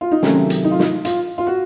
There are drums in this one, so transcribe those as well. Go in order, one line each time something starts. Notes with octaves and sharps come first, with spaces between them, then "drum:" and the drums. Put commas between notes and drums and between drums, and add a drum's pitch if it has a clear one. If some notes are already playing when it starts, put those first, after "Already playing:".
F4
D#4
C3 D#3 F#3 A3 C#4, drum: snare
drum: hi-hat
D#4
F4
D#4, drum: snare
F4, drum: hi-hat
F4
F#4